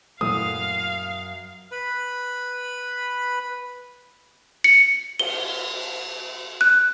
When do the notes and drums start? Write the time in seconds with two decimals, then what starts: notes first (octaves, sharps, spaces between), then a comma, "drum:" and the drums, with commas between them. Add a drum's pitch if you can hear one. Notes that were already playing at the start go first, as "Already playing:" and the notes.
0.21 F#2 A#2 E3 A3 F5 D#6
1.72 B4 B5
4.64 C#7
5.19 G7, drum: cymbal
6.61 F#6